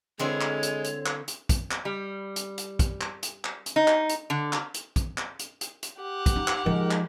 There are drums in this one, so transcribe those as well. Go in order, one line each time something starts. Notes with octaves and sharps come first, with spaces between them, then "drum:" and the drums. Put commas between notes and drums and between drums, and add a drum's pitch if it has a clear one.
D3 G#3 C4 E4 C#5
drum: clap
drum: hi-hat
drum: hi-hat
drum: clap
drum: hi-hat
drum: kick, hi-hat
drum: clap
G3
drum: hi-hat
drum: hi-hat
drum: kick, hi-hat
drum: clap
drum: hi-hat
drum: clap
drum: hi-hat
D#4
drum: clap
drum: hi-hat
D3
drum: clap
drum: hi-hat
drum: kick, hi-hat
drum: clap
drum: hi-hat
drum: hi-hat
drum: hi-hat
G4 F#5
drum: kick, hi-hat
D#4
drum: clap
F3 G#3 D#4 A#4
drum: clap